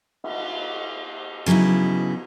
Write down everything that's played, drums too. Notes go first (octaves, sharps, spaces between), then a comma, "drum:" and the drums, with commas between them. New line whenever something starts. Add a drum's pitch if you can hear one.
drum: cymbal
C#3 F#3 B3 D#4 E4